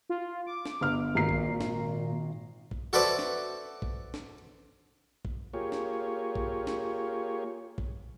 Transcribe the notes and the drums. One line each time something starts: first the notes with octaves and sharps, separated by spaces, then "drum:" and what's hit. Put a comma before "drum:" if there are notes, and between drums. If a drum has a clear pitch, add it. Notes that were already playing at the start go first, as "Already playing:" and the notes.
F4
D6
drum: snare
G1 F6
G#1 A#2 A#5 C7
drum: kick A1
drum: snare
drum: kick A1
F#4 A4 B4 C5 D5 E5
drum: snare
drum: kick A1
drum: snare
drum: kick A1
A#3 F4 G4 G#4 C#5
drum: snare
drum: kick A1
drum: snare
drum: kick A1